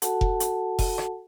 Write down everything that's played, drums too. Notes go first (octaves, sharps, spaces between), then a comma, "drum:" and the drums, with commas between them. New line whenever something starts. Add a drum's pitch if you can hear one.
F#4 A4 F#5 A5, drum: hi-hat
drum: kick F1
drum: hi-hat
drum: kick F1, open hi-hat
drum: rim click